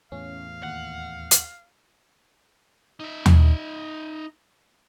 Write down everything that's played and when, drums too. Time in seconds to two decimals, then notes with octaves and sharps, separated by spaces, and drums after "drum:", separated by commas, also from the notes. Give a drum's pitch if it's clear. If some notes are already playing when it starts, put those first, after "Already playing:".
0.12 E2 A2 C#4 F5
0.63 D#2 F#5
1.31 drum: hi-hat
3.00 D#4 E5
3.26 drum: tom